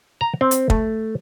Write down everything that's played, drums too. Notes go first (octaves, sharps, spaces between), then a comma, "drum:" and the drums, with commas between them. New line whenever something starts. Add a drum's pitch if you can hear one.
A#5
C4
drum: hi-hat
A3, drum: kick